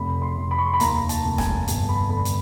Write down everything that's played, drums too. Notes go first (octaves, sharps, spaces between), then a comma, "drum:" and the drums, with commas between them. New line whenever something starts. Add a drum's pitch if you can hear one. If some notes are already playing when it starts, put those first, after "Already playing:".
Already playing: F1 B5
C6
F1
B5
C#6
C6
B5
D#2 A#5, drum: hi-hat
A5, drum: hi-hat
F1
G#5, drum: snare
G1 A5, drum: hi-hat
B5
D3 B5
drum: hi-hat